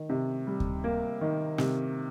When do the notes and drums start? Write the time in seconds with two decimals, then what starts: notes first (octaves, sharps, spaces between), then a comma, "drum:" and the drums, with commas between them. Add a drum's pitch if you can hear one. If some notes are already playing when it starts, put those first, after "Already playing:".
Already playing: D#3
0.09 C3
0.47 G3
0.60 drum: kick D2
0.84 A#3
1.21 D#3
1.58 C3, drum: snare